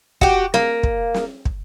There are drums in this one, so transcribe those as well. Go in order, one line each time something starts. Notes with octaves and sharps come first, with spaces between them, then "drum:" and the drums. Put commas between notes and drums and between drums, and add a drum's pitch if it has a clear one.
F#4 G4, drum: kick
A#3, drum: snare
drum: kick
drum: snare
drum: kick